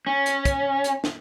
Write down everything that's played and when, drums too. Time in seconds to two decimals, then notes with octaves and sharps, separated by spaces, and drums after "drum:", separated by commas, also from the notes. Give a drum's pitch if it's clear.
0.07 C#4
0.26 drum: hi-hat
0.45 drum: kick, hi-hat
0.84 drum: hi-hat
1.04 drum: snare